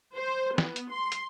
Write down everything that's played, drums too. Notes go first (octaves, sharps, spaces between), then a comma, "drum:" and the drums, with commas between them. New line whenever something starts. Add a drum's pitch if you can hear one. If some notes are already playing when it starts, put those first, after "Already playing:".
C5
B3, drum: snare
drum: hi-hat
C6
drum: hi-hat